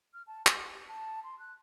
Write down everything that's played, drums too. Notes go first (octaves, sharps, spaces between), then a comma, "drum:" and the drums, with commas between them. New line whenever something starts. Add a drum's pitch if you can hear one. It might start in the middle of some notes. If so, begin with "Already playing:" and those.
F6
A5
G#4, drum: clap
G4
A5
C6
F#6